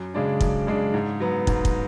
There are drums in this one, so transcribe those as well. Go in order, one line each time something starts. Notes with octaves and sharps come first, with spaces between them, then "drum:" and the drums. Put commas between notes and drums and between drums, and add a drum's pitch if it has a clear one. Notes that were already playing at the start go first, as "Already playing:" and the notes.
Already playing: F#2
C#3 G#3 D4
F#2, drum: kick
C#3 G#3 D4
G#2
F#3 B3
G#2, drum: kick
drum: kick